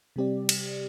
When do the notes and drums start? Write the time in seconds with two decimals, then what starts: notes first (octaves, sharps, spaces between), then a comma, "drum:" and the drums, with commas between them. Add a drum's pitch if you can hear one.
0.16 C3 G3 C4 G4 D5
0.49 drum: cymbal